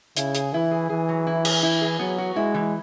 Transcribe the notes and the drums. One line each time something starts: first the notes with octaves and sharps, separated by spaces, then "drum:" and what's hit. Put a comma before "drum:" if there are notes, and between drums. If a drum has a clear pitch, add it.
C#3 E4, drum: hi-hat
G#4, drum: hi-hat
E3 E4
G#4
E3 G#4
F#3
E4
G#4, drum: cymbal
E4
G#4
F#3 B3
F#4
G#3 E4
E3